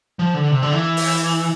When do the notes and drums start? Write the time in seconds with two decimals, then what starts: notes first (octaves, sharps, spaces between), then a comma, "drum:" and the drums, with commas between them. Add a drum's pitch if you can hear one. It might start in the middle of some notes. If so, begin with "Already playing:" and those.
0.19 F3
0.34 D3
0.51 C3
0.62 D3
0.72 E3
0.97 drum: open hi-hat